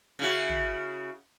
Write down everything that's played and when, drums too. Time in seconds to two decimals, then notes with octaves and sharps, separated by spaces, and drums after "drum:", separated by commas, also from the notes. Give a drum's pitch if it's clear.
0.19 C#3 E4 F#4
0.49 drum: tom